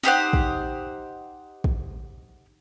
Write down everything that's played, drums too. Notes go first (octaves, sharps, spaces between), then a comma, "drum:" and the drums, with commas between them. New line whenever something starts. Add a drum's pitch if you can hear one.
D#4 G4 C5 F#5, drum: snare
drum: kick
drum: kick